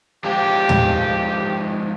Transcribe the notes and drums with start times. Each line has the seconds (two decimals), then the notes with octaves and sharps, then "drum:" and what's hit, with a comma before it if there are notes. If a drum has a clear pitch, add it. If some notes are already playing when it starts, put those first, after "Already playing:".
0.24 F3 G#3 D4 G4
0.69 drum: tom